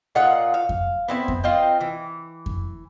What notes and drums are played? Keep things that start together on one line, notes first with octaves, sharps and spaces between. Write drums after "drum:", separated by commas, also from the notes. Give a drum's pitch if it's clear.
A#2 D#4 F4 F#5
F5
drum: kick F2
B3 C4 E4
drum: kick F2
C4 F4 D#5 G5
E3
drum: kick F2